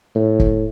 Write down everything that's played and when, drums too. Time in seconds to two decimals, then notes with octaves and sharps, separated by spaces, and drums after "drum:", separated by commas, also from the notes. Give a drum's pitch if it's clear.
0.16 A2
0.39 drum: kick